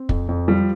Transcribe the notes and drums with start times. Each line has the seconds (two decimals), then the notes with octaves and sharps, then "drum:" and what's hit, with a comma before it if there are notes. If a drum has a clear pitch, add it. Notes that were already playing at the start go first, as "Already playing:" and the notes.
Already playing: C4
0.09 F2, drum: kick
0.28 F2
0.48 F3 G3